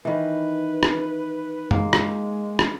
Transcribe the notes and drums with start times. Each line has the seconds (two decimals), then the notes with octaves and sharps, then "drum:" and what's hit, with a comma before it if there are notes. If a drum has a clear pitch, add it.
0.05 D#3 E3 B4
0.83 drum: rim click
1.71 G#3 A#3, drum: tom F#2
1.93 drum: rim click
2.59 drum: rim click